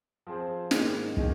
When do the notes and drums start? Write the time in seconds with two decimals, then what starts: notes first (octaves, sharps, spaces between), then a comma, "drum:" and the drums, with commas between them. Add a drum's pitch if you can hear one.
0.27 F3 C4 G#4 C5
0.71 G#2 D#3 A#3 D#4 G#4, drum: snare
1.17 D#3 A#3 D#4 G#4, drum: kick